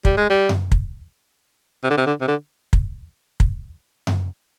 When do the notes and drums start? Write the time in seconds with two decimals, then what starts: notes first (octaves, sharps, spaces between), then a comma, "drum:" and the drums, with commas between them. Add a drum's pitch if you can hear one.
0.05 G3, drum: kick
0.17 G#3
0.29 G3
0.49 drum: tom F#2
0.72 drum: kick
1.83 C3
1.90 D3
1.97 C3
2.06 D3
2.21 C3
2.28 D3
2.73 drum: kick
3.40 drum: kick
4.07 drum: tom F#2